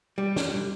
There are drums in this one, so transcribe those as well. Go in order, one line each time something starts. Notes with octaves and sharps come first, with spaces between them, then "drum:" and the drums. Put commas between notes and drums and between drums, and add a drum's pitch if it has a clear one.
G3
drum: snare